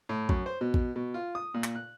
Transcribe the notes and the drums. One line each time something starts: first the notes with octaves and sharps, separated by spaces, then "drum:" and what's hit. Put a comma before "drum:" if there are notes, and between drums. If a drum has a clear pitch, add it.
A2
F#2, drum: kick A#1
C5
B2
drum: kick A#1
B2
F4
D#6
A#2
drum: clap
F#6